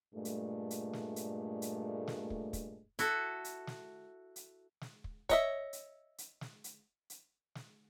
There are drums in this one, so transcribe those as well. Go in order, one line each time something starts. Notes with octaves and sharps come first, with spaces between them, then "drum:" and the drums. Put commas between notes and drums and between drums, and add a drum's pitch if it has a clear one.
G2 A#2 G#3 A3
drum: hi-hat
drum: hi-hat
drum: snare
drum: hi-hat
drum: hi-hat
drum: snare
drum: kick
drum: kick, hi-hat
E4 F#4 A4, drum: hi-hat
drum: hi-hat
drum: snare
drum: hi-hat
drum: snare
drum: kick
C#5 D#5 E5, drum: kick, hi-hat
drum: hi-hat
drum: hi-hat
drum: snare
drum: hi-hat
drum: hi-hat
drum: snare